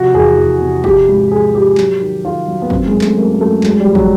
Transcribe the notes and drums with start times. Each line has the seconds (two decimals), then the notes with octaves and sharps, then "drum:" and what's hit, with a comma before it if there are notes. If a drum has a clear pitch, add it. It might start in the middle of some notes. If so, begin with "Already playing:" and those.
Already playing: C3 F3 F#4
0.14 E2 G#4
0.38 E2
0.60 C3
0.84 F3 G4, drum: kick
1.08 G#2
1.30 F3 G#4
1.54 F3 G4
1.78 F#3, drum: clap
2.00 D#3
2.25 D#3 F4
2.48 F#3
2.62 B3
2.70 F#2 C4, drum: kick
2.86 G#3
2.95 F#2
3.01 A3, drum: clap
3.17 F#2 A#3
3.40 F#2 A3
3.63 F#3 G#3, drum: clap
3.80 G3
3.87 F2
3.95 F#3, drum: kick